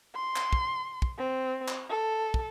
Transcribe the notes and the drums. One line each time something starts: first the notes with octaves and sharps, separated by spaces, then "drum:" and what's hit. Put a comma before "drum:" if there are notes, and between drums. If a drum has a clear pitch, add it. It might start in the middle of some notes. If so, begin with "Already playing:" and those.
C6
drum: clap
drum: kick
drum: kick
C4
drum: clap
A4
drum: kick